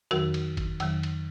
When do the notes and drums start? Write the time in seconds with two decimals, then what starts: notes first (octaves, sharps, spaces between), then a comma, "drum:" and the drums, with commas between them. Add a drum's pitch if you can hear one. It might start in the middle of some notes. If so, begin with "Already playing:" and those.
0.11 F2 D#3 F#3 F#4 A#4, drum: cymbal
0.34 drum: cymbal
0.57 drum: kick, cymbal
0.80 F2 D#3 F#3, drum: cymbal
1.03 drum: cymbal